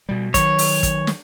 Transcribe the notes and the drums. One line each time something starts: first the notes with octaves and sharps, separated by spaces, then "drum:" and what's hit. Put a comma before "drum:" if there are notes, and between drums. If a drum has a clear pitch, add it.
B2 G3
D#3 F#3 C#5, drum: kick, hi-hat
drum: open hi-hat
drum: kick, hi-hat
drum: snare